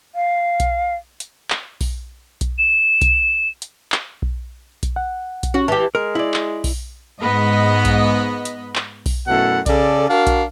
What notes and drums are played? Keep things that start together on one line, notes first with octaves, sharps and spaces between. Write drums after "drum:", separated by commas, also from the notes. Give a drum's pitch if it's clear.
F5
drum: kick B1, hi-hat
drum: hi-hat
drum: clap
drum: kick B1, open hi-hat
drum: kick B1, hi-hat
E7
drum: kick B1, hi-hat
drum: hi-hat
drum: clap
drum: kick B1
drum: kick B1, hi-hat
F#5
drum: kick B1, hi-hat
C#4 F#4
E3 G4 A5
G#3 A#4
E4 D5
drum: clap
drum: kick B1, open hi-hat
G#2 B3 D#5 B5
drum: kick B1, hi-hat
drum: hi-hat
drum: clap
drum: kick B1, open hi-hat
F#2 B2 A3 E4 A4 F#5
C#3 A4 D5, drum: kick B1, hi-hat
D4 F#4 A#4 F5
drum: kick B1, hi-hat